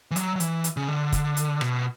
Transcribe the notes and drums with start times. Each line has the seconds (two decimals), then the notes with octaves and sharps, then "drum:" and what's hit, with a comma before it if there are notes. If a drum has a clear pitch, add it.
0.11 E3
0.16 F#3, drum: hi-hat
0.36 F#3
0.40 E3, drum: hi-hat
0.64 drum: hi-hat
0.77 C#3
0.88 D3
1.12 drum: kick, hi-hat
1.37 drum: hi-hat
1.61 B2, drum: rim click